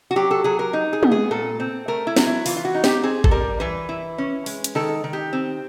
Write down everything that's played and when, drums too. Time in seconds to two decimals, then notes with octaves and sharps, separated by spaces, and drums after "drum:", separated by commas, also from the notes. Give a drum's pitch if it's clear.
0.11 F#4
0.16 F#3 G4
0.31 A4
0.44 F#3 G#4
0.59 A#4
0.73 D#4
0.93 G#4
1.03 B3, drum: tom
1.11 G#4
1.31 A#2 A4
1.60 C4
1.88 A3 A#4
2.07 E4
2.17 F#3, drum: snare
2.27 E4
2.46 E3 F4, drum: open hi-hat
2.57 F4
2.65 F#4
2.75 D#4
2.84 G4, drum: snare
3.03 C4 G#4
3.24 A4, drum: kick G#1
3.31 G3 A#4
3.60 E3 B4
3.89 E4
4.18 C#4
4.46 G#3, drum: open hi-hat
4.64 drum: hi-hat
4.75 D#3 A4
5.04 D#3
5.13 G4
5.33 C4